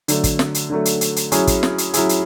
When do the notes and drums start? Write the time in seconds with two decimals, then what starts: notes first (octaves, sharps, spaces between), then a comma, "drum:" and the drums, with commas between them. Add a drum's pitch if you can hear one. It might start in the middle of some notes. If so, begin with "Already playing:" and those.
0.08 D3 F#3 A3, drum: hi-hat
0.24 drum: kick, hi-hat
0.39 drum: snare
0.55 drum: hi-hat
0.70 D3 F#3 A3
0.85 drum: hi-hat
1.01 drum: hi-hat
1.16 drum: hi-hat
1.32 F#3 C#4 E4 G#4, drum: hi-hat
1.47 drum: kick, hi-hat
1.63 drum: snare
1.78 drum: hi-hat
1.94 F#3 C#4 E4 G#4, drum: hi-hat
2.09 drum: hi-hat